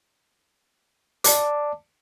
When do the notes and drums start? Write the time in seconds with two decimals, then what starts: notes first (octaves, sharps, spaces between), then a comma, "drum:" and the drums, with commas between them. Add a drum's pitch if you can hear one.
1.24 D5 A5 D6, drum: hi-hat